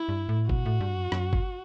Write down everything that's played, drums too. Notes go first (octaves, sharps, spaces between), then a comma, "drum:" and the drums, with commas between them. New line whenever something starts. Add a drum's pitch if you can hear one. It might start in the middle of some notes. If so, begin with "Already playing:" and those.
Already playing: E4
G2
A2
B2 F#4, drum: kick G1
A2
G2
F#2
F#2, drum: rim click
drum: kick G1